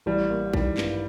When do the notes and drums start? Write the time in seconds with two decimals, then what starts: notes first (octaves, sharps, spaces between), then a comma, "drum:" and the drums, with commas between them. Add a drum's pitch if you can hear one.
0.06 A1 G3
0.30 A#3
0.53 D#3 G3, drum: kick A#1
0.77 G2, drum: clap